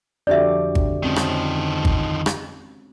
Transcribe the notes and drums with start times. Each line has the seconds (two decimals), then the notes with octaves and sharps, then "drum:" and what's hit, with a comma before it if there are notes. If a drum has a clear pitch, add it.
0.27 F2 D3 D4 F#4 G4 D5 E5
0.75 drum: kick G#1
1.03 D#3 F3 G#3 C4 C#4
1.16 drum: rim click
1.85 drum: kick G#1
2.26 drum: rim click